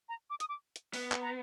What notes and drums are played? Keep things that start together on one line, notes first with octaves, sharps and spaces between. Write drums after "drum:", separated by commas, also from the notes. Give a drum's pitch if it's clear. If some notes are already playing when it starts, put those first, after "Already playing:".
A#5
D6
D#6, drum: hi-hat
D6
drum: hi-hat
B3, drum: open hi-hat
drum: clap
A#5